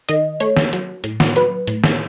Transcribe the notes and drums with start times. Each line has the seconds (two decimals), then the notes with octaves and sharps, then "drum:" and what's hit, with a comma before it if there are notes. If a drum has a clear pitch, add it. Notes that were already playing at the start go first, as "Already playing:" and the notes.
0.09 D#3 D#5, drum: hi-hat
0.40 A3 C#5, drum: hi-hat
0.57 drum: snare
0.73 F#3, drum: hi-hat
1.04 A2, drum: hi-hat
1.20 drum: snare
1.36 F#3 B4, drum: hi-hat
1.68 A2, drum: hi-hat
1.84 drum: snare